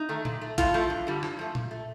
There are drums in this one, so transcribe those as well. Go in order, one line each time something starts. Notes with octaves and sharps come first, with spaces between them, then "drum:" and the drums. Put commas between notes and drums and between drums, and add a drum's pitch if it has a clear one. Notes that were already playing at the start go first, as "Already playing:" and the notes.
Already playing: D#4
D#3 A3
A#2, drum: tom A#2
A3
A2 F4, drum: kick A1, hi-hat
F3 A3
G2
D3 G3
G2, drum: rim click
F3 A3
A#2, drum: tom A#2
A3